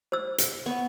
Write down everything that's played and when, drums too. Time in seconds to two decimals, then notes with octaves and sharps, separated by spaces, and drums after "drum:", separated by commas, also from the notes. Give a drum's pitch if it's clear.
0.12 C5 E6
0.38 drum: hi-hat
0.66 B3 C#6